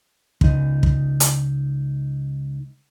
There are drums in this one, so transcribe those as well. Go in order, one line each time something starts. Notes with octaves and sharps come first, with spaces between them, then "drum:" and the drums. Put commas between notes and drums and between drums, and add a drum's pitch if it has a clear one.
C#2 D#4, drum: kick
drum: kick
drum: hi-hat